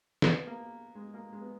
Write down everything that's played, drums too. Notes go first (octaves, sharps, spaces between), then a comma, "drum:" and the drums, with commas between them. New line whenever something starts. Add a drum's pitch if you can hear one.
B3, drum: snare
A#3
G#3
A#3
G#3
B3